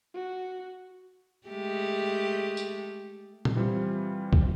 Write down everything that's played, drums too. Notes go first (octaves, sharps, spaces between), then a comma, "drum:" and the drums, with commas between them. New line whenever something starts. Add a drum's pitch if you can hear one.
F#4
G#3 A3 G4
drum: tambourine
drum: tom A#2
E3 G3 C4 F4
drum: kick C2